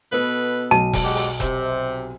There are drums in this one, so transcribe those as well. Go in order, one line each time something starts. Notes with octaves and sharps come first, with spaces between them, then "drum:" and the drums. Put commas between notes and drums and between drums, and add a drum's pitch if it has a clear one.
B2 B3 A4 B4
B1 A5
drum: kick E1, open hi-hat
G#3 F#4 G4
drum: open hi-hat
C3, drum: kick E1, hi-hat